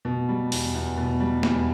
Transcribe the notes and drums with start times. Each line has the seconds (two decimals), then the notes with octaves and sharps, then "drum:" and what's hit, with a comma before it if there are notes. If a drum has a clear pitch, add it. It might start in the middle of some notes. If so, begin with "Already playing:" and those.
0.05 B2
0.29 G3
0.52 E2, drum: open hi-hat
0.74 E2
0.98 B2
1.20 G3
1.43 E2, drum: snare